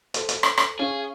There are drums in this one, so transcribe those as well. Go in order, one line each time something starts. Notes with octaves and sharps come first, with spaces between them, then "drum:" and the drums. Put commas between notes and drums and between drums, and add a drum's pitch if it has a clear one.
A4 C5, drum: hi-hat
drum: hi-hat
drum: rim click
drum: rim click
C#4 G#4 F5